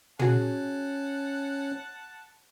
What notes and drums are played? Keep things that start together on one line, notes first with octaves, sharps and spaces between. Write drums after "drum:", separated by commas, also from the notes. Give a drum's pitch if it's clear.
C#4 F#4 G#4 C#5 F#5 A5, drum: tom